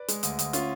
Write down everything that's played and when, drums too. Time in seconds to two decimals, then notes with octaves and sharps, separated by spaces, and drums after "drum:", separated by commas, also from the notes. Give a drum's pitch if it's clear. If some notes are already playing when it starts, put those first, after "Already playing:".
Already playing: B4 D5
0.08 G#3, drum: hi-hat
0.23 D2, drum: hi-hat
0.39 D2, drum: hi-hat
0.53 C#4 F4, drum: hi-hat